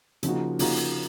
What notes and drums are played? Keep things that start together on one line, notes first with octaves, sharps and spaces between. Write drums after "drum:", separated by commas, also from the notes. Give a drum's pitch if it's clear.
C#3 F3 A#3 D#4 F#4, drum: hi-hat
C#3 F3 A#3 D#4 F#4, drum: open hi-hat
drum: hi-hat